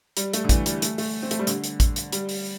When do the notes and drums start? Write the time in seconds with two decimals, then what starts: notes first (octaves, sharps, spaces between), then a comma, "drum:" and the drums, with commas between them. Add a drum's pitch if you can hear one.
0.17 G3, drum: hi-hat
0.33 A3, drum: hi-hat
0.44 D3
0.49 E3, drum: kick A1, hi-hat
0.66 G3, drum: hi-hat
0.82 A3, drum: hi-hat
0.98 A3, drum: open hi-hat
1.23 C4
1.31 A3, drum: hi-hat
1.39 G3
1.47 D3, drum: hi-hat
1.64 drum: hi-hat
1.80 drum: kick A1, hi-hat
1.96 drum: hi-hat
2.12 G3, drum: hi-hat
2.29 drum: open hi-hat